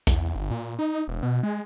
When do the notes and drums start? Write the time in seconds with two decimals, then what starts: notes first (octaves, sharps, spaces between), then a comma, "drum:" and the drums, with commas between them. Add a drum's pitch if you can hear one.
0.07 E2, drum: kick, hi-hat
0.36 G1
0.51 A#2
0.79 D#4
1.08 E1
1.23 B2
1.43 G#3